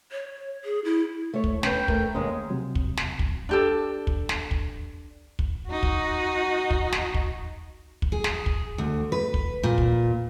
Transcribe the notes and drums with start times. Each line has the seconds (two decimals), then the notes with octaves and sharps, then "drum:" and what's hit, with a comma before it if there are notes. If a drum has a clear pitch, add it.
0.12 C#5
0.65 G#4
0.85 E4
1.34 A3 C#5
1.44 drum: kick
1.63 C#4 B4 G5, drum: snare
1.88 A3 A#4, drum: kick
2.14 D#2 G#3 C#4
2.50 C3 F#3
2.75 drum: kick
2.97 drum: snare
3.19 drum: kick
3.49 D4 G4 A4
4.07 drum: kick
4.29 drum: snare
4.51 drum: kick
5.39 drum: kick
5.69 D#4 F#4
5.83 drum: kick
6.71 drum: kick
6.92 drum: snare
7.14 drum: kick
8.02 drum: kick
8.12 G#4
8.24 drum: snare
8.46 drum: kick
8.78 D2
9.12 B4
9.34 drum: kick
9.63 A#2
9.78 drum: kick